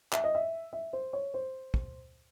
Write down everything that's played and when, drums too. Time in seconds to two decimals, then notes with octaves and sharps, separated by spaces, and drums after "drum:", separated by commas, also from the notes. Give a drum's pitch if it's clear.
0.13 E5, drum: clap
0.24 D#5
0.35 E5
0.73 E5
0.93 C5
1.13 C#5
1.34 C5
1.74 drum: kick